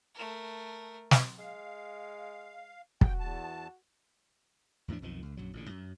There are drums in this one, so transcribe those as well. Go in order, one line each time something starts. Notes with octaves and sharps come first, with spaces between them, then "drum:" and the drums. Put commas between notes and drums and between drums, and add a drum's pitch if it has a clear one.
A3 A#4
drum: snare
G#3 F5
F#4 G5, drum: kick
E2 A5
E2 A2 F3 D4
B1 F2 D#3 F3
C#2
A#1 F#2 F#3
A1 A#2 D3
F#2